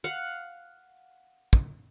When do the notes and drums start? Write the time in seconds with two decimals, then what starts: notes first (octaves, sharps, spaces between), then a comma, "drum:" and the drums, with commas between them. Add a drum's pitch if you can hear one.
0.04 F5 F#5
1.53 drum: kick